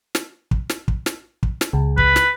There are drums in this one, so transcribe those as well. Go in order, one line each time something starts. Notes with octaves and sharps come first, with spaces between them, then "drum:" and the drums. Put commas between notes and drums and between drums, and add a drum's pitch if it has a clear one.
drum: snare
drum: kick
drum: snare
drum: kick
drum: snare
drum: kick
drum: snare
C#2
B4, drum: kick
drum: snare